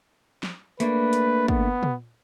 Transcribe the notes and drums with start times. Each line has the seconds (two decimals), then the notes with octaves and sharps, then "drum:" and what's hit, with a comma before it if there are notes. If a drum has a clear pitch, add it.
0.43 drum: snare
0.80 A3 A#3 D4 B4, drum: hi-hat
1.13 drum: hi-hat
1.48 B3, drum: kick
1.83 drum: tom